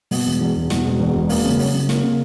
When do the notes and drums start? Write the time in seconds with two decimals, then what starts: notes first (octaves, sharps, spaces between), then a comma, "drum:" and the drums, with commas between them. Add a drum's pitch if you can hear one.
0.11 B2, drum: open hi-hat
0.26 E1
0.40 E2
0.55 E1
0.70 B2, drum: snare
0.85 E1
1.00 E2
1.14 E1
1.29 A#3, drum: open hi-hat
1.44 C#3
1.59 F#3, drum: open hi-hat
1.74 C#3
1.89 A#3, drum: snare
2.03 C#3